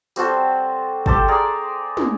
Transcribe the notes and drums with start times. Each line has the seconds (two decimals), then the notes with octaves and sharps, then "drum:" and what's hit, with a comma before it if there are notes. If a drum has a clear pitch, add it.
0.16 G3 C4 F#4 A4, drum: tambourine
1.06 G4 A4 C5, drum: kick
1.28 G#4 A#4 D5
1.97 drum: tom